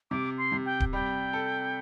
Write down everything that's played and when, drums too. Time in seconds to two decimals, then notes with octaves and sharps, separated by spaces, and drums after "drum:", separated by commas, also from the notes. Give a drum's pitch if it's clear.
0.11 C3 D6
0.38 C6
0.52 C3
0.66 G5
0.80 drum: kick D1
0.93 G3 G5
1.33 A4